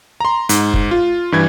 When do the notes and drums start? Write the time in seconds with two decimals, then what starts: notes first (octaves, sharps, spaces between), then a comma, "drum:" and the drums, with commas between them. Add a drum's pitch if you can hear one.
0.20 A#5 C6
0.49 G#2, drum: hi-hat
0.74 drum: kick
0.91 F4
1.32 G2 E3 G#6